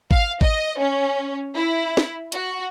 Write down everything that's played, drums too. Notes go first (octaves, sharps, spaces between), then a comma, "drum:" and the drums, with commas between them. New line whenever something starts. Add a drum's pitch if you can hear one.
F5, drum: kick G#1
D#5, drum: kick G#1
C#4
E4
drum: snare
F#4, drum: hi-hat